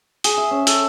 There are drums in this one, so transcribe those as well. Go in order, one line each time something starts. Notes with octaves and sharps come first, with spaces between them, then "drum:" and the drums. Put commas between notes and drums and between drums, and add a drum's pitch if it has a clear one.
G#4, drum: hi-hat
E5
C#4
A4, drum: hi-hat